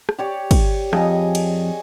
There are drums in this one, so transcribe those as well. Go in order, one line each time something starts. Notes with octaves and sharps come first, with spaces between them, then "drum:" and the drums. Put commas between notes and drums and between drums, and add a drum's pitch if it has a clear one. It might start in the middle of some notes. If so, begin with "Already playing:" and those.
drum: rim click
G4 C#5 D5
drum: kick, cymbal
F2 G#4 D#5, drum: rim click
drum: cymbal